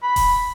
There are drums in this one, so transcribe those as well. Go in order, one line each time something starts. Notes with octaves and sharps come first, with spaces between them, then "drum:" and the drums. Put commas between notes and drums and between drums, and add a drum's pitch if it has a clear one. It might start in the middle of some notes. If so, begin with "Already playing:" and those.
B5
drum: kick D#1, open hi-hat